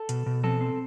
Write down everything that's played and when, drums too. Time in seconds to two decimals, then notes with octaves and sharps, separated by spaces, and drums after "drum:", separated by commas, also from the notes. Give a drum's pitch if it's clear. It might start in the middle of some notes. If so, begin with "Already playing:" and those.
Already playing: A4
0.09 B2, drum: hi-hat
0.26 B2
0.43 C4 A4, drum: tom E3
0.61 C4